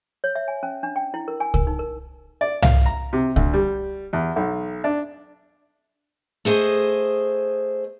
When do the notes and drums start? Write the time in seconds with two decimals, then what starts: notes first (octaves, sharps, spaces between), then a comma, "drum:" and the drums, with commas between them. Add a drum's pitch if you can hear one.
0.24 C#5
0.35 E5
0.48 G#5
0.63 C#4
0.83 D4
0.96 G5
1.14 E4
1.28 A#4
1.40 G#5
1.54 A#4, drum: kick C2
1.67 D#4
1.79 A#4
2.41 D5
2.62 F5, drum: tom C2
2.86 A#5
3.13 C3
3.36 D2, drum: kick C2
3.53 G3
4.13 E2
4.36 B1
4.84 D4
6.45 A3 G#4 C5 D#5